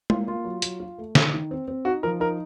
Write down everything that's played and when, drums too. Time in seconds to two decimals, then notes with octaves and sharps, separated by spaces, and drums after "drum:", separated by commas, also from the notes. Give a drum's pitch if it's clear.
0.10 A#3 F4, drum: tom G#3
0.27 A#3 F4
0.45 F#3
0.62 F#3, drum: hi-hat
0.80 F4
0.98 A3
1.15 D#3, drum: snare
1.33 D#3
1.51 C4
1.68 C4
1.85 D#4 F#4
2.03 F3 A#4
2.20 D#4 A#4